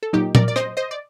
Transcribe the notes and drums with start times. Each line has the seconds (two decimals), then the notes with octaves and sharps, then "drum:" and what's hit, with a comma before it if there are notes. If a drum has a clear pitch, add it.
0.03 A4
0.13 A#2 F#3 D#4 G4
0.35 A#4 D5, drum: tom A#2
0.48 D5
0.56 C5 D#5, drum: rim click
0.77 C5 D#5
0.91 D5